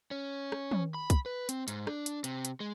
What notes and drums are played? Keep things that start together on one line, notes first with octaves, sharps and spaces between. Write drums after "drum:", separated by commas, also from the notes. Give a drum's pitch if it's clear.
C#4
drum: rim click
drum: tom
B5
drum: kick, hi-hat
B4
C4, drum: hi-hat
G#2, drum: hi-hat
D4, drum: rim click
drum: hi-hat
C3, drum: hi-hat
drum: hi-hat
G#3